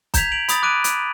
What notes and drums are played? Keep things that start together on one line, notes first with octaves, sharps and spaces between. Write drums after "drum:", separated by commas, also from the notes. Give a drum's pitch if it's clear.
A#5 G6 G#6 B6 F7, drum: kick, hi-hat
D7 F7 F#7
B5 D#6 A6, drum: hi-hat
D6 F#6 D7 D#7
drum: hi-hat